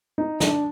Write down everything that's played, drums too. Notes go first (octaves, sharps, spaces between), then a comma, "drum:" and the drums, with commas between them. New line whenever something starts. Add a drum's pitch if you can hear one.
D#4
D4, drum: snare